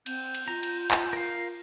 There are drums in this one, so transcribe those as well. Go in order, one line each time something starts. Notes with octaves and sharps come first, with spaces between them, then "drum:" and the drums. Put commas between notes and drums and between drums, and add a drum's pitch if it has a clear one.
C4 G6, drum: cymbal
drum: cymbal
F4 A#5
drum: cymbal
drum: clap
A#4 F5